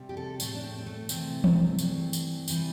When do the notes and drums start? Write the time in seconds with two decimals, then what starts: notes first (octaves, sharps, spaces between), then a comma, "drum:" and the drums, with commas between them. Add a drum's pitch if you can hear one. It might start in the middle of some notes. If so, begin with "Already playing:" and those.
Already playing: C3 G3
0.09 G4
0.17 A4
0.40 A2 A3 C4, drum: tambourine
0.55 D4
0.63 C4
0.78 C4
0.86 A3
1.09 C3 E3 A3 C4, drum: tambourine
1.44 drum: tom E3
1.79 G2 E3 A3, drum: tambourine
2.13 drum: tambourine
2.48 C3 E3 G3, drum: tambourine